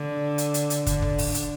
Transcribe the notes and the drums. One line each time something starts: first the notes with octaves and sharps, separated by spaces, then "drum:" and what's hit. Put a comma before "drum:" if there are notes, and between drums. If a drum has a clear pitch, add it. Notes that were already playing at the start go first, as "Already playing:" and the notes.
Already playing: D3
drum: hi-hat
drum: hi-hat
drum: hi-hat
D3, drum: kick, hi-hat
drum: kick
drum: open hi-hat
drum: hi-hat